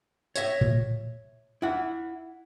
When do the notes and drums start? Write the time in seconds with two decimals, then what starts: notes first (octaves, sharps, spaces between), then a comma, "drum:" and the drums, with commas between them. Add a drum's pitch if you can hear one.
0.36 C#5 E5, drum: tambourine
0.61 drum: tom A2
1.62 E4 F#5